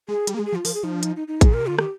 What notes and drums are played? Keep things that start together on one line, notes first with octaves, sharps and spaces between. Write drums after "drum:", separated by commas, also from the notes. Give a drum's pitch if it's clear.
G#3 G#4
G3, drum: hi-hat
A#3 G#4
G#3
G#4
F3
F4
F3 A#4, drum: open hi-hat
G#4
F3 D#4
D4
D#4, drum: hi-hat
D#4
D#4
G#2 G#4, drum: kick, hi-hat
A#2 A#4
C3
D3 F4
D#3 G4, drum: rim click